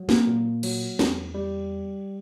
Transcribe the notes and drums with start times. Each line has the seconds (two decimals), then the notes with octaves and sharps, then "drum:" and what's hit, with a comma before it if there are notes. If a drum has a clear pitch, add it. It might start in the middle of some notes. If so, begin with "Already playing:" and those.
Already playing: F#3
0.09 A#3, drum: snare
0.28 A#2
0.63 F#3, drum: cymbal
0.99 E2, drum: snare
1.34 G3